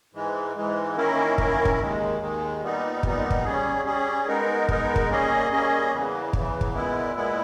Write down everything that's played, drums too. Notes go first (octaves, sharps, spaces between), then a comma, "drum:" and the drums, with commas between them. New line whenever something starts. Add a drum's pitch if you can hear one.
G#2 E3 G#3
G#2 E3 G#3
D#3 A#3 C#4 E4 A#4
D#3 A#3 C#4 E4 A#4, drum: kick
drum: kick
D#2 D#3 G#3
D#2 D#3 G#3
A#2 G3 B3 D#4
A#2 G3 B3 D#4, drum: kick
drum: kick
G3 C#4 G#4
G3 C#4 G#4
G#3 B3 D#4 A#4
G#3 B3 D#4 A#4, drum: kick
drum: kick
G3 A#3 C#4 G#4 D#5
G3 A#3 C#4 G#4 D#5
E2 C#3 E3
E2 C#3 E3, drum: kick
drum: kick
A#2 G#3 B3 E4
A#2 G#3 B3 E4